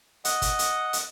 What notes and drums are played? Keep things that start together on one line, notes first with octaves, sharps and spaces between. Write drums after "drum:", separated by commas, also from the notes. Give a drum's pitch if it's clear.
D#5 F#5, drum: hi-hat
drum: kick, hi-hat
drum: hi-hat
drum: hi-hat